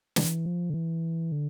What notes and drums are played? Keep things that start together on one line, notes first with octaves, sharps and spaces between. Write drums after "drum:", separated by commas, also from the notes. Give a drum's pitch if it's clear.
E3, drum: snare
F3
D3
E3
D3